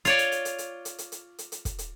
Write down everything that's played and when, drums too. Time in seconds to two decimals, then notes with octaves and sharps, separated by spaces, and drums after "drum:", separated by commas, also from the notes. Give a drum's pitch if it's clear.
0.05 F4 C#5 D5, drum: hi-hat
0.18 drum: hi-hat
0.32 drum: hi-hat
0.45 drum: hi-hat
0.58 drum: hi-hat
0.85 drum: hi-hat
0.98 drum: hi-hat
1.12 drum: hi-hat
1.38 drum: hi-hat
1.52 drum: hi-hat
1.65 drum: kick, hi-hat
1.78 drum: hi-hat